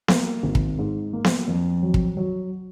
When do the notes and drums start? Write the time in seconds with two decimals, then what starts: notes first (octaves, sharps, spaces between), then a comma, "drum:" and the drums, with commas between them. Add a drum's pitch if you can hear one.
0.08 A#3, drum: snare B3
0.43 G#1
0.55 drum: kick
0.79 G#2
1.13 A#3
1.24 drum: snare B3
1.48 F2
1.83 F#3
1.94 drum: kick
2.17 F#3